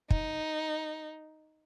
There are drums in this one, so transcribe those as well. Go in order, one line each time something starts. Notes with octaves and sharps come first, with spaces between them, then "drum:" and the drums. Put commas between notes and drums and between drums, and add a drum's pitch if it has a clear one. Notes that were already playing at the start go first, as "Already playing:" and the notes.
D#4, drum: kick